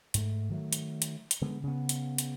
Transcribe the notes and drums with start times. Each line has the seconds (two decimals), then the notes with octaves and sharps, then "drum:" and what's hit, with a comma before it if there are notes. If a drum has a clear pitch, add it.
0.14 G#2 A3, drum: hi-hat
0.49 D#3 F#3 A3
0.73 drum: hi-hat
1.02 drum: hi-hat
1.31 drum: hi-hat
1.41 D3 G#3 B3
1.63 C#3 B3
1.89 drum: hi-hat
2.18 drum: hi-hat